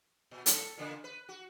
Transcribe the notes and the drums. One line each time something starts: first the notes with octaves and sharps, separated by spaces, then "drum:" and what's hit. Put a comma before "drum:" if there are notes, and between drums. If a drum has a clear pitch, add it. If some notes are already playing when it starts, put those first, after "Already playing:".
A#2
A4, drum: hi-hat
A#2 C#3 A#3
B4
F#4